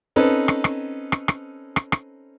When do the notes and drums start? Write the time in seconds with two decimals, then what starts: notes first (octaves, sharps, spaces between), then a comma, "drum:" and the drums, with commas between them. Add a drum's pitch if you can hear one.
0.16 C4 C#4 D#4 A4 B4
0.48 drum: rim click
0.64 drum: rim click
1.12 drum: rim click
1.28 drum: rim click
1.76 drum: rim click
1.92 drum: rim click